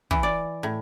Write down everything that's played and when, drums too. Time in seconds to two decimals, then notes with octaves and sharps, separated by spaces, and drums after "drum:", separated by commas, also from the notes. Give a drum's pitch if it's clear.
0.11 E3, drum: kick
0.23 D5
0.63 A2